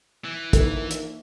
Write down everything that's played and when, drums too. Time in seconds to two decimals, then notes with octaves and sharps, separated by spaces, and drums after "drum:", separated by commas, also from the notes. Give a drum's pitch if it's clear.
0.25 E3
0.53 A#1 D#3 A#3, drum: kick, hi-hat
0.91 drum: hi-hat